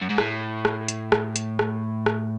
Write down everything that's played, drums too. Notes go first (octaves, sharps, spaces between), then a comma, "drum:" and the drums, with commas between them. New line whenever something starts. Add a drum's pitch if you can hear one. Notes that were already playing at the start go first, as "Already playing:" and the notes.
F#2
G#2
A2, drum: rim click
drum: rim click
drum: hi-hat
drum: rim click
drum: hi-hat
drum: rim click
drum: rim click